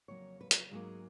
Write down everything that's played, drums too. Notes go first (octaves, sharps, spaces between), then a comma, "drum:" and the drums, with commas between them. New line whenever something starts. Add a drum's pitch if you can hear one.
F2 C#3 F#3 A#3 C#5
B4
B4, drum: hi-hat
G#2 F#3 A#3 G#4